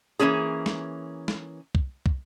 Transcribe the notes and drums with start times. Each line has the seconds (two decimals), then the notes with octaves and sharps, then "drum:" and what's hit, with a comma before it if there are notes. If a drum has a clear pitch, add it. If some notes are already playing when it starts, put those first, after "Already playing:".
0.19 E3 G#3 A#3 C#4 G#4
0.66 drum: snare
1.28 drum: snare
1.75 drum: kick
2.06 drum: kick